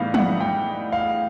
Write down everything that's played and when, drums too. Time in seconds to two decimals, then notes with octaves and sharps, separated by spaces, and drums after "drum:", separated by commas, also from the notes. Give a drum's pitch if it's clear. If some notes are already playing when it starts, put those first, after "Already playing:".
Already playing: A2 E3 G3 B3 D#4 F5
0.14 F#5, drum: tom
0.40 G5
0.92 F5